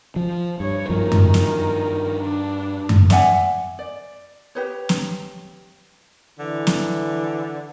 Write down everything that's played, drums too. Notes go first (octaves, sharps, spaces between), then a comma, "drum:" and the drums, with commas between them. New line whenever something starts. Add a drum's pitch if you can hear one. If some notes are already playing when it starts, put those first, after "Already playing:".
F3
G2 C#5
G2 D#3 F3
drum: tom F#2
drum: snare
D4
drum: tom F#2
D5 E5 F#5 G#5, drum: snare
D5
G4 B4 C#5
drum: snare
D3 E3
drum: snare